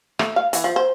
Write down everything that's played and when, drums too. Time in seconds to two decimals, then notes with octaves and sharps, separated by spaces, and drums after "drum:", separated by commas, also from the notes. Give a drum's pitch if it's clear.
0.19 A3, drum: rim click
0.36 F5
0.53 E3, drum: hi-hat
0.64 F3
0.76 C5